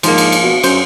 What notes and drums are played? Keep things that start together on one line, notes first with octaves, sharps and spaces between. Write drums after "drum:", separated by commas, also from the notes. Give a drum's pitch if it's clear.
G#2 F3 A#3, drum: cymbal
drum: cymbal
drum: cymbal
B2
F#2 C5, drum: cymbal